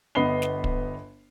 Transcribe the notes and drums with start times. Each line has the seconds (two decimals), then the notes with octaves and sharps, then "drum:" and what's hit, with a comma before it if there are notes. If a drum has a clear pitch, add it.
0.15 G1 B3 D#5 B5 C7 G7
0.42 drum: snare
0.64 drum: kick